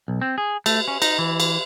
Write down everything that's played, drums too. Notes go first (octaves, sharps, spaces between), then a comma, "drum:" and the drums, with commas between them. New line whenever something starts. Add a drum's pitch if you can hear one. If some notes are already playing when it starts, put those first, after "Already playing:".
B1
C4
G#4
A3, drum: cymbal
C#4
D#4, drum: cymbal
E3
drum: cymbal